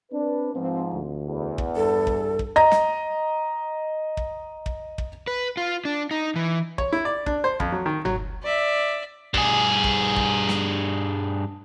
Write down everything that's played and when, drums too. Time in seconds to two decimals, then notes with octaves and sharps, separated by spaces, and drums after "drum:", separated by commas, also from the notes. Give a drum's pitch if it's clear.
0.12 C4 D4 B4
0.55 G#2 F3 C4
0.93 D2
1.27 E2
1.58 drum: kick
1.76 G2 A4
2.07 drum: kick
2.39 drum: kick
2.56 D#5 A#5
2.72 drum: snare
4.17 drum: kick
4.66 drum: kick
4.98 drum: kick
5.27 B4
5.57 F4
5.85 D4
6.11 D#4
6.36 E3
6.78 C#5, drum: kick
6.93 E4
7.05 D5
7.26 D4, drum: kick
7.44 C5
7.60 F2, drum: kick
7.72 F#3
7.86 D#3
8.05 F#3, drum: tom F#1
8.43 D5 E5
9.34 G2 G#4, drum: kick
9.84 drum: kick
10.16 drum: kick
10.49 drum: snare